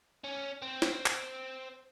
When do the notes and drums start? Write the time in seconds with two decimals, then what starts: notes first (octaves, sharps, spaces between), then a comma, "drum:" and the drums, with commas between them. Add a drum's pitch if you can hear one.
0.24 C#4
0.62 C4
0.82 drum: snare
1.06 drum: clap